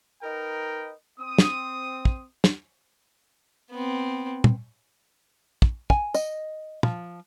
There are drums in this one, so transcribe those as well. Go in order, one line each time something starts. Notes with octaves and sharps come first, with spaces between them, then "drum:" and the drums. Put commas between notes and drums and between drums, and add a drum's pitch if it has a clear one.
D#4 A#4 B4 D#5 G5 A#5
C4 D#6
drum: snare
drum: kick
drum: snare
B3 C4
drum: tom
drum: kick
G#5, drum: kick
D#5, drum: tambourine
F3, drum: tom